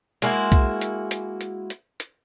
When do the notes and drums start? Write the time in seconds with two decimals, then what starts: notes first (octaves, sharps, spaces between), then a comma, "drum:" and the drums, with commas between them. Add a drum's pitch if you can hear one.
0.22 G#3 A#3 E4 F#4, drum: hi-hat
0.52 drum: kick B1, hi-hat
0.81 drum: hi-hat
1.11 drum: hi-hat
1.41 drum: hi-hat
1.70 drum: hi-hat
2.00 drum: hi-hat